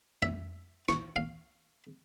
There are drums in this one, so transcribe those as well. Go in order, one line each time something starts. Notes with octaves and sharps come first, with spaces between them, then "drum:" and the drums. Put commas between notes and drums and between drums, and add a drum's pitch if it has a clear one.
E5, drum: tom
C#6, drum: snare
F5